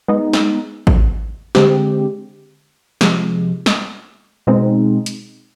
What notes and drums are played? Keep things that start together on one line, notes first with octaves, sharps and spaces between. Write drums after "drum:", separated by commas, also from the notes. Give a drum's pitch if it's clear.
G#3 B3 D#4
drum: snare
drum: kick A1
D3 G#3 C4 G4, drum: snare
C3 F3 G#3, drum: snare
drum: snare
B2 G#3 C4 D#4
drum: hi-hat